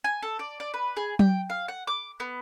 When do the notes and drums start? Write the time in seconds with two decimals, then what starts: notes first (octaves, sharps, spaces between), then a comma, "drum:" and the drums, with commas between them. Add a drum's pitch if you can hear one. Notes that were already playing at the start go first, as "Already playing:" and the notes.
0.04 G#5
0.23 A4
0.39 D5
0.60 D5
0.74 B4
0.97 G#4
1.19 G5, drum: tom F#3
1.50 F5
1.68 F#5
1.87 D6
2.20 B3